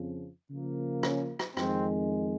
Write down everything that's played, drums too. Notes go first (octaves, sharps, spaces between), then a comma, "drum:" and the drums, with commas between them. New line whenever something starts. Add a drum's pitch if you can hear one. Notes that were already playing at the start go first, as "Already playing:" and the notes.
Already playing: F2 C#3 F3
C#3 F3 A#3
C#4, drum: rim click
drum: rim click
F2 D#3 G#3 C4, drum: rim click